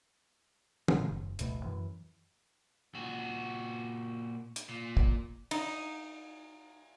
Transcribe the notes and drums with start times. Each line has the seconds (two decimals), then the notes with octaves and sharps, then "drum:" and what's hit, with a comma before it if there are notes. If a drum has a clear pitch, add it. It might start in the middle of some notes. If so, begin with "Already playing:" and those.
0.88 A2 C#3 G#3, drum: tom
1.09 F#1
1.39 D1 A1 B2 A3, drum: hi-hat
1.63 F#2 E3
2.95 A#2 F#4
4.56 drum: hi-hat
4.69 A#2
4.97 drum: kick
5.51 D#4, drum: cymbal